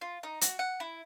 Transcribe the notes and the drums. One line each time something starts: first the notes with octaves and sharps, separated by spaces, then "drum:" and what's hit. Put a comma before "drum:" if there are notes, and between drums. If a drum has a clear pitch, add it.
F4
D#4
F#4, drum: hi-hat
F#5
E4